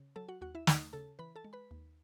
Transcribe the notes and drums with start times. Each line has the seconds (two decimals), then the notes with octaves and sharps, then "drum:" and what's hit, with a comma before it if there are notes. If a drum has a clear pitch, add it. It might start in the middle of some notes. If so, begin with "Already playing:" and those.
Already playing: C#3
0.16 F#3 A4 A5
0.28 F#4 F#5
0.41 D#2 F#4 F#5
0.55 E4 E5
0.67 D#2 D#4 D#5, drum: snare
0.93 C#3 A4 A5
1.19 E3 B4 B5
1.36 A4 A5
1.44 G#3
1.53 B4 B5
1.71 D#2